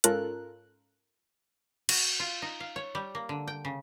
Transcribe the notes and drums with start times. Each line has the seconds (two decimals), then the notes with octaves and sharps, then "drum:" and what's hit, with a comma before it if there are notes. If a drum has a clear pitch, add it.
0.04 G#2 C#4 F4 A4 A#4 F#6, drum: hi-hat
1.89 F#4, drum: cymbal
2.20 F4
2.42 D#4
2.60 F5
2.76 C#5
2.95 G3
3.15 A#3
3.29 D3
3.48 G5
3.65 C#3